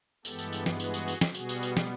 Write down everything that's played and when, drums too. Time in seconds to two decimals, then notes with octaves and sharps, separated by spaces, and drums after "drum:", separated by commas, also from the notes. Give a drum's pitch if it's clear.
0.25 G2 E3 G#3 B3 G4 A4, drum: tambourine
0.39 drum: tambourine
0.52 drum: tambourine
0.66 drum: snare
0.80 F#4 G#4, drum: tambourine
0.94 drum: tambourine
1.08 drum: tambourine
1.21 drum: snare
1.35 B2 G3 B3 F#4 G#4, drum: tambourine
1.49 drum: tambourine
1.63 drum: tambourine
1.77 drum: snare